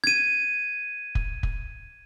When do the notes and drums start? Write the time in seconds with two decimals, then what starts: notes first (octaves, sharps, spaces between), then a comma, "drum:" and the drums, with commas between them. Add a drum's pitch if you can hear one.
0.04 G#6 D#7
1.15 drum: kick
1.43 drum: kick